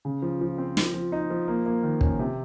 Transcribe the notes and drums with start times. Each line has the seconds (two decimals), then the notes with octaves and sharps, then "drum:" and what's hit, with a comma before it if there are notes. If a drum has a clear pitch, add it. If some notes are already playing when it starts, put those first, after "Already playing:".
0.05 C#3
0.22 F3
0.41 F3
0.58 C4
0.77 F3, drum: snare
0.94 F3
1.12 D#4
1.30 F3
1.48 A#3
1.66 A#3
1.83 D#3
2.01 C#4, drum: kick
2.19 C3